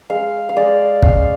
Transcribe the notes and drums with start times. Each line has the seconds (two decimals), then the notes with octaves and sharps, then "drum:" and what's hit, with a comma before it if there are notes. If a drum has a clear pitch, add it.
0.10 G#3 F5
0.49 F5
0.56 G#3 D5
1.03 C#4 F5, drum: kick